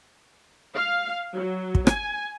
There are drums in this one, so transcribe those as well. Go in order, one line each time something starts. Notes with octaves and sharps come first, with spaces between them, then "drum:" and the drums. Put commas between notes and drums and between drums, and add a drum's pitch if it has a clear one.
F5
F#3
drum: kick
G#5, drum: rim click